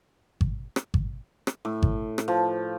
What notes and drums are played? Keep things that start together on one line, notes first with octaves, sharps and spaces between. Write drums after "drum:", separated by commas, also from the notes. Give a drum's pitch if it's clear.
drum: kick G#1
drum: rim click
drum: kick G#1
drum: rim click
A2
drum: kick G#1
drum: rim click
F3